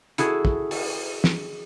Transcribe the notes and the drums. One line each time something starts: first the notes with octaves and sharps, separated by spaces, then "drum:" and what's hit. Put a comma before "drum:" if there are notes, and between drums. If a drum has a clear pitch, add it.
E4 F#4 G#4 A4, drum: hi-hat
drum: kick
drum: open hi-hat
drum: snare